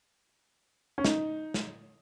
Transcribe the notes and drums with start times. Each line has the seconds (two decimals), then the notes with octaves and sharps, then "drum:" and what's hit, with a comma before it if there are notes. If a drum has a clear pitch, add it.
0.98 C#4
1.05 D#4, drum: snare
1.54 drum: snare